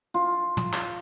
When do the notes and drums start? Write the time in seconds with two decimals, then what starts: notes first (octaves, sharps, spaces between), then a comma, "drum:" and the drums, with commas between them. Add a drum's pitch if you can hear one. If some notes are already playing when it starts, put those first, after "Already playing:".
0.14 F4
0.57 drum: tom
0.73 drum: clap